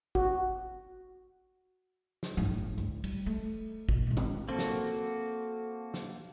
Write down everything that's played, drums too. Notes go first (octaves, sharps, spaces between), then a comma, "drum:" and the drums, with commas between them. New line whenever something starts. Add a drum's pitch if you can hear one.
F#4, drum: kick
drum: snare
G1 A2, drum: tom F3
D2, drum: hi-hat
G3, drum: cymbal
A3
B2, drum: kick
A1 G#3
drum: tom
A#3 C4 F#4 A4 A5
drum: snare
drum: snare